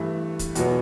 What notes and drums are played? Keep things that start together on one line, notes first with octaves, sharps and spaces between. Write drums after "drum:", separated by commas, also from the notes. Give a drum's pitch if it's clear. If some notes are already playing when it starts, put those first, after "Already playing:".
Already playing: G2 E3 A3
drum: kick, hi-hat
E2 B2 F#3 B3, drum: hi-hat